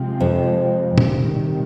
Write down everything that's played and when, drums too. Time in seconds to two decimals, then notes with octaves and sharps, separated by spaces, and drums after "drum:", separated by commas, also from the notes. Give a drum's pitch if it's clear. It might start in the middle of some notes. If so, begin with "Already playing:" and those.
Already playing: C3 F3 G#3 C4
0.20 F2
0.98 C3 D#3 G3, drum: tom A#2